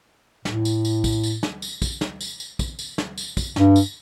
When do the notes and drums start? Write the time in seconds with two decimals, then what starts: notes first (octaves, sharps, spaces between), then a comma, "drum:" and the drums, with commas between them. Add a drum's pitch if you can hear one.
0.45 A2, drum: snare
0.65 drum: tambourine
0.85 drum: tambourine
1.04 drum: kick, tambourine
1.23 drum: tambourine
1.43 drum: snare
1.62 drum: tambourine
1.82 drum: kick, tambourine
2.01 drum: snare
2.21 drum: tambourine
2.40 drum: tambourine
2.59 drum: kick, tambourine
2.79 drum: tambourine
2.98 drum: snare
3.18 drum: tambourine
3.37 drum: kick, tambourine
3.56 G2, drum: snare
3.76 drum: tambourine